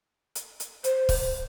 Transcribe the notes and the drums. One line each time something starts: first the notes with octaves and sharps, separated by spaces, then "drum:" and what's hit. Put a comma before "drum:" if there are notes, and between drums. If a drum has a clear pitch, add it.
drum: hi-hat
drum: hi-hat
C5, drum: hi-hat
drum: kick, open hi-hat